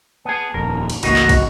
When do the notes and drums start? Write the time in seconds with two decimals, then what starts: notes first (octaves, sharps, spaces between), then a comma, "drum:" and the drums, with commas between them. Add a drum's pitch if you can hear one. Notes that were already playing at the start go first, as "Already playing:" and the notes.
0.25 B3 G#4 A5
0.54 D#1 F2 A#4
0.90 drum: cymbal
1.03 G#1 C#2 A2 E3 A#3 D#4 F#4 D#5, drum: cymbal
1.16 drum: clap
1.29 drum: kick, cymbal